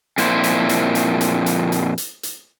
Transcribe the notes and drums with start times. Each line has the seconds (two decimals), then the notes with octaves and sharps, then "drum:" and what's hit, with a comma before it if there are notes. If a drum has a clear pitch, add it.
0.18 F2 A#2 E4 C5, drum: hi-hat
0.44 drum: hi-hat
0.69 drum: hi-hat
0.95 drum: hi-hat
1.21 drum: hi-hat
1.46 drum: hi-hat
1.72 drum: hi-hat
1.98 drum: hi-hat
2.23 drum: hi-hat